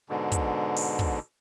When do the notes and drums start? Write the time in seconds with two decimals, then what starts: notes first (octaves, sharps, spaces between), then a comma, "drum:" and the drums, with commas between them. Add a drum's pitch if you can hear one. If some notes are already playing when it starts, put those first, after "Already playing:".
0.09 G#2 B2 D3
0.32 drum: kick, hi-hat
0.77 drum: open hi-hat
0.99 drum: kick